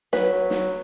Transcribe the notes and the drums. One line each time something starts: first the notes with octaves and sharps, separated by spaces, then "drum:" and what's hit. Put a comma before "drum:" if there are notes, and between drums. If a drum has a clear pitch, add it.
F#3 B4, drum: snare
drum: snare